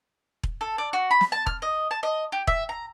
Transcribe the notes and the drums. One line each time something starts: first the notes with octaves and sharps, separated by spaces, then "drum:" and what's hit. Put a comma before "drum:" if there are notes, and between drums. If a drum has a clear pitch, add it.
drum: kick E1
A4
D5
F#4
B5
drum: snare
A5
F6, drum: kick E1
D#5
A5
D#5
G4
E5, drum: kick E1
A#5